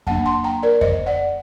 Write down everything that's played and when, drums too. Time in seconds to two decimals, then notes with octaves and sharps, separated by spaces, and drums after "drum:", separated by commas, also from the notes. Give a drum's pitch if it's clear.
0.07 F#3 A#3 D4 F#5 A5, drum: kick F2
0.26 A5 C6
0.44 G5 A#5
0.63 A#4 D5
0.81 C5 D#5, drum: kick F2
1.06 D5 F#5